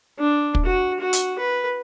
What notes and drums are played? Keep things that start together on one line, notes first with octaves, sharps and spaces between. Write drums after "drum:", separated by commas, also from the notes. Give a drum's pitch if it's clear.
D4
drum: kick
F#4
F#4
drum: hi-hat
B4